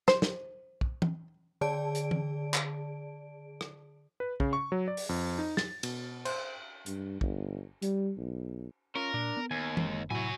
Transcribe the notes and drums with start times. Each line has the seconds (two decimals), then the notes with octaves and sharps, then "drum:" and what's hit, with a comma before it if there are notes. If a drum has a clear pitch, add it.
0.08 C5, drum: snare
0.22 drum: snare
0.81 drum: kick
1.02 drum: tom
1.61 D3 G#4 D5 A5 D7
1.95 drum: hi-hat
2.11 drum: tom
2.54 drum: clap
3.61 drum: rim click
4.20 B4
4.40 C#3, drum: kick
4.53 C#6
4.72 F#3
4.88 D5
4.97 drum: open hi-hat
5.09 F2
5.38 D#4
5.57 A6, drum: snare
5.83 B2, drum: cymbal
6.25 C5, drum: cymbal
6.86 G2, drum: hi-hat
7.21 G1, drum: kick
7.82 G3, drum: hi-hat
8.18 B1
8.95 C#4 F4 A#4
9.14 A#2 D4
9.37 B3
9.51 D#2 G#5
9.77 F#1 G#3 C4, drum: tom
10.10 A2 C3 F#3 E4 F#4 G#5